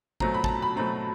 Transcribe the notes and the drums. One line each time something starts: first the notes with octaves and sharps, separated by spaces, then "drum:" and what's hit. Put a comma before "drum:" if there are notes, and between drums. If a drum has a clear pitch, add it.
B2 F#3 A3 C4 A#5, drum: kick
B5
A5, drum: kick
A#5
B5
B2 F#3 A3 C4 A#5